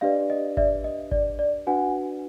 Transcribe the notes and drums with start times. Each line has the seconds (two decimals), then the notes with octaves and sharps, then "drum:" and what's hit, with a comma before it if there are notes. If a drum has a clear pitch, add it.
0.01 D4 G4 B4 D5 D#5 F5
0.30 D#5
0.57 D5 E5, drum: kick G#1
0.84 D#5
1.12 D5, drum: kick G#1
1.39 D5
1.67 D4 F#4 B4 F#5 G#5